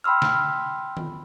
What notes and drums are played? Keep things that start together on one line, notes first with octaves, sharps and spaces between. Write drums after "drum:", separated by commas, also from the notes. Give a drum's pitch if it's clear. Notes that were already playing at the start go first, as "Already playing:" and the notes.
G5 B5 C6 E6 F6
drum: snare
drum: tom D#3